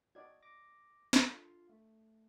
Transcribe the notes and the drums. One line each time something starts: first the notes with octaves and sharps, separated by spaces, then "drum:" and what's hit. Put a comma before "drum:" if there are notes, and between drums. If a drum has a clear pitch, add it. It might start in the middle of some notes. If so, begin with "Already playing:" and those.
F#4 D5 D#5 G#6
D6 A#6
D4 A4, drum: snare
F4
A3